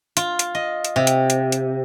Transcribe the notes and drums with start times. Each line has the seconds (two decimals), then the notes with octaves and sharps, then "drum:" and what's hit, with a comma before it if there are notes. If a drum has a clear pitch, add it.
0.17 F4, drum: hi-hat
0.39 drum: hi-hat
0.55 D#5
0.85 drum: hi-hat
0.96 C3
1.07 drum: hi-hat
1.30 drum: hi-hat
1.52 drum: hi-hat